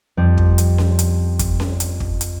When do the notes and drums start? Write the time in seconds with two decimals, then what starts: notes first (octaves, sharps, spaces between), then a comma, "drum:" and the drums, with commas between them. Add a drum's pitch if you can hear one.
0.17 F2 G3 C4 G6
0.38 drum: kick
0.58 drum: hi-hat
0.78 drum: snare C#4
0.99 drum: hi-hat
1.39 drum: kick, hi-hat
1.60 drum: snare C#4
1.80 drum: hi-hat
2.00 drum: kick
2.21 drum: hi-hat